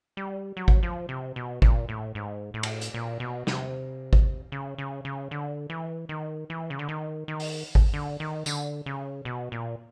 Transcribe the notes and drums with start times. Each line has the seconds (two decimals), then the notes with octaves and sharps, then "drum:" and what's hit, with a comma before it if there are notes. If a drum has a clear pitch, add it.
0.17 G3
0.57 F#3
0.68 drum: kick G#1
0.83 F3
1.09 C3
1.36 B2
1.62 A#2, drum: kick G#1
1.89 A2
2.15 G#2
2.54 A2
2.63 drum: cymbal
2.81 drum: hi-hat
2.94 A#2
3.20 B2
3.47 C3, drum: snare
4.13 drum: kick G#1
4.52 C#3
4.78 C#3
5.05 C#3
5.31 D3
5.70 E3
6.09 D#3
6.50 E3
6.70 C#3
6.79 D3
6.89 D#3
7.28 D#3
7.40 drum: open hi-hat
7.75 drum: kick G#1
7.93 D3
8.20 D#3
8.46 D3, drum: tambourine
8.86 C#3
9.25 B2
9.52 A#2